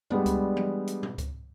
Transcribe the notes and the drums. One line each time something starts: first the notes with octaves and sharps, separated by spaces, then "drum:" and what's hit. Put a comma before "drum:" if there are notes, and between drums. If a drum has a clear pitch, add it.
G3 G#3 B3 D4, drum: tom
drum: kick C#2, hi-hat
drum: tom E3
drum: hi-hat
drum: tom G#2
drum: kick C#2, hi-hat